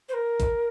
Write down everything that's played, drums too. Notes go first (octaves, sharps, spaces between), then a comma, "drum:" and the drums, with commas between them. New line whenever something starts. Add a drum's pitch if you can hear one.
C5
A#4
drum: kick, hi-hat